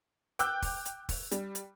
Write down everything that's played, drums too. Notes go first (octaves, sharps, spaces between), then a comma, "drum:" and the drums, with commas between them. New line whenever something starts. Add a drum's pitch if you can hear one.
G5 D6 E6 F#6 G6, drum: hi-hat
drum: kick, open hi-hat
drum: hi-hat
drum: kick, open hi-hat
G3, drum: hi-hat
drum: hi-hat